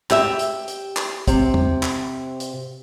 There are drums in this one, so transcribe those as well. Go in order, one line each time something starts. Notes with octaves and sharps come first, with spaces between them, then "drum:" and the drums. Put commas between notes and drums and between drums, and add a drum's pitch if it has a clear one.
G4 E5, drum: clap
drum: hi-hat
drum: hi-hat
drum: clap
C3, drum: kick, hi-hat
drum: tom
drum: clap
drum: hi-hat